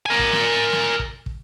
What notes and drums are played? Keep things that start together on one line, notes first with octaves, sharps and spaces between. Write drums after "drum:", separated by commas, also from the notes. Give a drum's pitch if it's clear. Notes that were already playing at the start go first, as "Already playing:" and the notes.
A#4 G#5
drum: kick
drum: snare
drum: snare
drum: kick
drum: kick